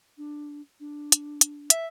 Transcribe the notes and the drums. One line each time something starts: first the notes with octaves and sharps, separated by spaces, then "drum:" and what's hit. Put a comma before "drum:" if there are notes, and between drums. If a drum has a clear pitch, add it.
D4
D4
drum: hi-hat
drum: hi-hat
E5, drum: hi-hat